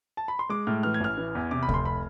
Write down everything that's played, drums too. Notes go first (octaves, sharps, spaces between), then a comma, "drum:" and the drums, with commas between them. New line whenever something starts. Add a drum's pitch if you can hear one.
A5
B5
C6
G#3 D6
A2 F6
E3 F6
G#6
A1 F6
E3
E2
C3 D6
B5
F1, drum: kick C#2
C6
B5